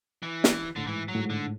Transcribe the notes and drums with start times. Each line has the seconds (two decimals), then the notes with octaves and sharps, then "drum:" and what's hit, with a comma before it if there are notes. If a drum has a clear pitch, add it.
0.23 E3
0.44 drum: snare
0.76 A2 D3
0.87 G#2 E3
1.08 F#3
1.15 A2
1.19 G#2
1.30 D3